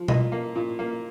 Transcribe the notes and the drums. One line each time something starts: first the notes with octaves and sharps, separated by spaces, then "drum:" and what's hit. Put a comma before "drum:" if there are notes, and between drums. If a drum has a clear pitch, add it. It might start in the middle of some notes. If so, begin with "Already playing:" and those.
Already playing: F3
A#2 D#5, drum: tom B2
A#3
A#2
A#3